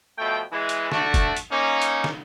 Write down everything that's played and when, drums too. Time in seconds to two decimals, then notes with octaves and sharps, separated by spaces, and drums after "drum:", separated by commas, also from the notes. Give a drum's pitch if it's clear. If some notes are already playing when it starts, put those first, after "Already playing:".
0.19 B2 F3 A3 G5
0.52 E3 G#3
0.69 drum: hi-hat
0.92 A3 D4 F#4, drum: snare
1.14 drum: kick, hi-hat
1.37 drum: hi-hat
1.52 A#3 C#4 D#4
1.82 drum: hi-hat
2.04 drum: snare